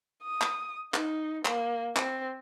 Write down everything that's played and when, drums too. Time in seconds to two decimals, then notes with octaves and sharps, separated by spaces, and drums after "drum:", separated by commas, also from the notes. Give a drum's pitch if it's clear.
0.23 D#6
0.41 drum: clap
0.94 D#4, drum: clap
1.45 A#3, drum: clap
1.96 C4, drum: clap